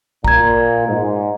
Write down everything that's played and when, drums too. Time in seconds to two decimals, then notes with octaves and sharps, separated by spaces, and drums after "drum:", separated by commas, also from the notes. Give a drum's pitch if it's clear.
0.24 A#2 A#5 G#6, drum: kick A1
0.88 G#2